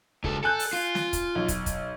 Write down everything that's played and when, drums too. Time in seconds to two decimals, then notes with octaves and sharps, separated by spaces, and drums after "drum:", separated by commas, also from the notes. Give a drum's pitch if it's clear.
0.24 C#2 A4, drum: kick
0.44 A4 G#5 F#6 G6
0.59 drum: open hi-hat
0.73 F4
0.95 drum: snare
1.13 drum: kick, hi-hat
1.35 B1
1.48 drum: kick, hi-hat
1.66 drum: kick, hi-hat